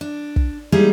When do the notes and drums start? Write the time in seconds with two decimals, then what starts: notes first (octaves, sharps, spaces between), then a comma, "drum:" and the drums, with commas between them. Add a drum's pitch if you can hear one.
0.01 D4
0.36 drum: kick
0.72 G3 G#3 A#3 D#4 E4 G#4